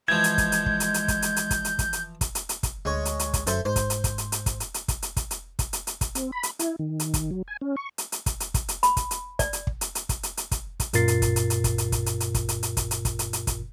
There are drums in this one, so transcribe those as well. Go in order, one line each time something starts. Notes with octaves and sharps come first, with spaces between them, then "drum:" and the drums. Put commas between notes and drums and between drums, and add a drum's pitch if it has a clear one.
E3 F3 G#3 G6 G#6
drum: hi-hat
drum: kick, hi-hat
drum: hi-hat
drum: kick
drum: hi-hat
drum: hi-hat
drum: kick, hi-hat
drum: hi-hat
drum: hi-hat
drum: kick, hi-hat
drum: hi-hat
drum: kick, hi-hat
drum: hi-hat
drum: kick, hi-hat
drum: hi-hat
drum: hi-hat
drum: kick, hi-hat
D2 G#3 C#5
drum: hi-hat
drum: hi-hat
drum: kick, hi-hat
F#2 A4 C5 E5, drum: hi-hat
G#2 C5
drum: kick, hi-hat
drum: hi-hat
drum: kick, hi-hat
drum: hi-hat
drum: hi-hat
drum: kick, hi-hat
drum: hi-hat
drum: hi-hat
drum: kick, hi-hat
drum: hi-hat
drum: kick, hi-hat
drum: hi-hat
drum: kick, hi-hat
drum: hi-hat
drum: hi-hat
drum: kick, hi-hat
C4, drum: hi-hat
B5
drum: hi-hat
E4, drum: hi-hat
D#3
drum: hi-hat
drum: kick, hi-hat
F#3
G#5
C#4
C#6
drum: hi-hat
drum: hi-hat
drum: kick, hi-hat
drum: hi-hat
drum: kick, hi-hat
drum: hi-hat
B5, drum: hi-hat
drum: kick, hi-hat
drum: hi-hat
D5, drum: kick, hi-hat
drum: hi-hat
drum: kick
drum: hi-hat
drum: hi-hat
drum: kick, hi-hat
drum: hi-hat
drum: hi-hat
drum: kick, hi-hat
drum: kick, hi-hat
F#2 A#2 F4 A#4 A6 C7, drum: hi-hat
drum: hi-hat
drum: kick, hi-hat
drum: hi-hat
drum: hi-hat
drum: kick, hi-hat
drum: hi-hat
drum: kick, hi-hat
drum: hi-hat
drum: hi-hat
drum: kick, hi-hat
drum: hi-hat
drum: hi-hat
drum: kick, hi-hat
drum: hi-hat
drum: kick, hi-hat
drum: hi-hat
drum: hi-hat
drum: kick, hi-hat